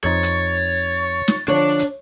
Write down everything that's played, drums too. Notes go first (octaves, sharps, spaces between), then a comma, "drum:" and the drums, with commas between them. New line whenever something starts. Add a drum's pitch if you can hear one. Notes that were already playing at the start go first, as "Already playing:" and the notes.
F2 D#4 C5 C#5 A6
drum: hi-hat
drum: snare
D3 F3 D4 C#5
drum: hi-hat